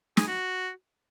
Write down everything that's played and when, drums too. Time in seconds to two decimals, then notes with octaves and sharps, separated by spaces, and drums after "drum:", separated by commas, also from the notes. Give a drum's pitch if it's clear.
0.17 G#4, drum: snare
0.28 F#4